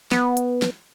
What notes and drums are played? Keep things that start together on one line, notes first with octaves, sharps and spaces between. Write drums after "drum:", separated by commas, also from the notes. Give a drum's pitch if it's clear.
B3, drum: snare
drum: hi-hat
drum: snare